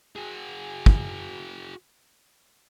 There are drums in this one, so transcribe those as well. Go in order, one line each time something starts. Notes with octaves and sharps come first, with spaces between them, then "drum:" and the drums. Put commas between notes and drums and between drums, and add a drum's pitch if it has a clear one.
F#4 G#4
drum: kick